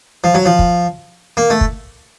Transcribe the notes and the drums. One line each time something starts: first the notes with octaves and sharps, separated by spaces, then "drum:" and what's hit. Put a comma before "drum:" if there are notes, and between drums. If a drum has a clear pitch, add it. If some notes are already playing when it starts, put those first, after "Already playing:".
F3
F#3
F3
drum: kick
A#3
A3
drum: kick